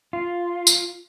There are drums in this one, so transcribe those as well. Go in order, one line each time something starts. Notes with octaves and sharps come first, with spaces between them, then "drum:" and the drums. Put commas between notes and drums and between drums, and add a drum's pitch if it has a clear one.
F4
drum: tambourine